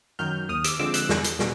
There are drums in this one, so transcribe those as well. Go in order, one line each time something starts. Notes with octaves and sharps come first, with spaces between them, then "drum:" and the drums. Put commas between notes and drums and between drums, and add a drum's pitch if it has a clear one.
F#2 D#3 F#3 F6 G6
D#2 D#6 F6
D6 E6, drum: hi-hat
D3 F3 G#3 C4 D6 E6
E6 F#6, drum: hi-hat
E2, drum: snare
drum: hi-hat
B2, drum: snare